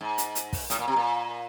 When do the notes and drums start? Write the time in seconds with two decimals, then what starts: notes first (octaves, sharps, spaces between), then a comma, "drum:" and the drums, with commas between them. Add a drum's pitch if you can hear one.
0.01 G#2
0.18 drum: hi-hat
0.35 drum: hi-hat
0.53 drum: kick, open hi-hat
0.70 A2, drum: hi-hat
0.79 A#2
0.88 C3
0.96 A#2